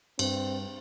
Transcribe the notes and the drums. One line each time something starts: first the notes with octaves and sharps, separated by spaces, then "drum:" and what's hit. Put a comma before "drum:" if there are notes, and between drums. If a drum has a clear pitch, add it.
G2 C4, drum: cymbal